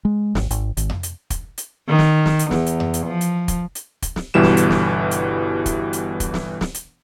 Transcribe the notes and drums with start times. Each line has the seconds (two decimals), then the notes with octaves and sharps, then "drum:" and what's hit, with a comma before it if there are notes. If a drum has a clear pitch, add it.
0.05 G#3
0.35 G#1, drum: snare
0.51 G#1, drum: hi-hat
0.77 G#1, drum: hi-hat
0.90 drum: tom F2
1.03 drum: hi-hat
1.30 drum: kick, hi-hat
1.58 drum: hi-hat
1.89 D#3
1.98 drum: snare
2.26 drum: snare
2.39 drum: hi-hat
2.51 E2, drum: snare
2.66 drum: hi-hat
2.80 drum: tom F2
2.94 drum: hi-hat
3.07 F3
3.21 drum: hi-hat
3.48 drum: kick, hi-hat
3.75 drum: hi-hat
4.02 drum: kick, hi-hat
4.16 drum: snare
4.34 G1 B2 E3 G3 E7
4.43 drum: snare
4.57 drum: hi-hat
4.70 drum: snare
5.11 drum: hi-hat
5.66 drum: kick, hi-hat
5.93 drum: hi-hat
6.20 drum: kick, hi-hat
6.34 drum: snare
6.61 drum: snare
6.74 drum: hi-hat